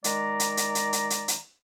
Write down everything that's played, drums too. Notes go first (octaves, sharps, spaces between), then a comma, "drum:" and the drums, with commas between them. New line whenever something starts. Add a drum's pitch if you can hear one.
D#3 G#3 D5 A#5, drum: hi-hat
drum: hi-hat
drum: hi-hat
drum: hi-hat
drum: hi-hat
drum: hi-hat
drum: hi-hat